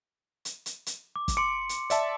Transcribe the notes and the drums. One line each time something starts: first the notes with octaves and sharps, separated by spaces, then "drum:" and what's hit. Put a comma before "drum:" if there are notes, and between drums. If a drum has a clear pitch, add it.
drum: hi-hat
drum: hi-hat
drum: hi-hat
D6
drum: kick, hi-hat
C6 D6 C#7
drum: hi-hat
D5 E5 A5, drum: hi-hat